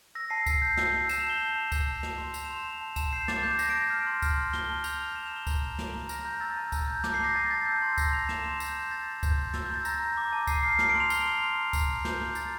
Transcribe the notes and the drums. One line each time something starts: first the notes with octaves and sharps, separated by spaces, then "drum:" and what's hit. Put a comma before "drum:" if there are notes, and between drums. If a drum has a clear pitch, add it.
E6 A#6
A5 C7
A5 C7, drum: kick C#2, tambourine
G6
E6, drum: snare
A5
A5 E7, drum: tambourine
F7
G6 G7
D6 F7
A5
A5, drum: kick C#2, tambourine
G6
G6 F7, drum: snare
C6
G6 F7, drum: tambourine
E7
C6 F7
C6
A5
A5 E7, drum: kick C#2, tambourine
G6 C7
D6 A6, drum: snare
A5 G6
A5 A#6, drum: tambourine
D7
G6
F6
C6
F6, drum: kick C#2, tambourine
C6
C6 G7, drum: snare
A5
G6 F7, drum: tambourine
E6
F6 E7
F7
A#5 G7
F6 F7, drum: kick C#2, tambourine
A#5 F7
F6 D7, drum: snare
A#5
F6 A#6, drum: tambourine
A#5 G6
E6 A6
A5
A5, drum: kick C#2, tambourine
G6
D6 G6, drum: snare
C7
A5 A#6
A5 A6
G6 A6
E6 G6
C6 A6
C6 A#6, drum: kick C#2, tambourine
G6 F7
G6 E7, drum: snare
C6
G6, drum: tambourine
C6
G6 A6
C6
G6, drum: kick C#2, tambourine
C6
E6 A6, drum: snare
G6
A#5
A6
A#5 A#6, drum: tambourine
G6
D6
A5
A5 C7, drum: kick C#2, tambourine
F6 C7
F6 C7, drum: snare
D7
C6
F7
F6 G7, drum: tambourine
C6 F7
F6
A#5
F6, drum: kick C#2, tambourine
A#5
D6 G6, drum: snare
A#5
A#5 A6, drum: tambourine